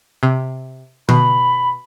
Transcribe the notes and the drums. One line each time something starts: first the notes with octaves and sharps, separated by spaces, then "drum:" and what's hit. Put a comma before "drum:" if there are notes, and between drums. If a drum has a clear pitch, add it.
C3
B2 B5, drum: tom D3